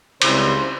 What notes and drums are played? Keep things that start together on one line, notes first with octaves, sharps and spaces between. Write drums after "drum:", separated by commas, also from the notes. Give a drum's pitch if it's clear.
C#2 C#3 G3 C4 E4 C5, drum: cymbal